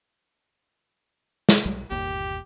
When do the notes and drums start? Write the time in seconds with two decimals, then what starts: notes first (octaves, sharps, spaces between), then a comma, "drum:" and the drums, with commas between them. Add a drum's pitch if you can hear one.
1.49 drum: snare
1.65 B1 F#3 G3
1.91 G1 D#2 A#2 G4